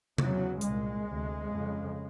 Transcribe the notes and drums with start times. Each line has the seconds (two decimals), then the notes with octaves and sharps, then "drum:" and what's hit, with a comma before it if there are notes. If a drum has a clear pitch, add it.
0.18 E2 C#3 F#3, drum: tom C3
0.61 C2 A#2 G#3, drum: hi-hat
1.05 D2 C3
1.49 F2 C#3